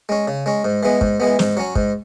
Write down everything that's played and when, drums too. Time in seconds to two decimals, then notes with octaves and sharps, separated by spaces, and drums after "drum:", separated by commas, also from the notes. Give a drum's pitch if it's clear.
0.09 G#3 C#4
0.28 C#3
0.46 G#3 C#4
0.65 G#2
0.83 E3 G#3 B3
1.01 G#2, drum: kick
1.20 E3 G#3 B3
1.39 G#2, drum: snare
1.57 F#3 C#4
1.76 G#2, drum: kick